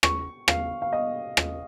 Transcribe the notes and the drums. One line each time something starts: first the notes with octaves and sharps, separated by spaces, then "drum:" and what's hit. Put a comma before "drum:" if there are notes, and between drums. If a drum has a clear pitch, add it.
C#6, drum: rim click
F5, drum: rim click
F5
D#5
drum: rim click